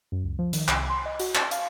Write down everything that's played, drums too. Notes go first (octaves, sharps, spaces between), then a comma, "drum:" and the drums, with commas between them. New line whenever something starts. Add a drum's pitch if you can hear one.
F#2
C#2
F3
D#3, drum: hi-hat
C2, drum: clap
C6
D#5
F#4, drum: hi-hat
A6, drum: clap
F5, drum: hi-hat